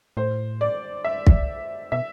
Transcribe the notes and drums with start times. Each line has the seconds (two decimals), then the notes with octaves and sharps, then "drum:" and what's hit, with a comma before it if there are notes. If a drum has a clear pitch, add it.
0.17 A2 C5
0.61 D5
1.04 E5
1.27 drum: kick
1.92 B2 E5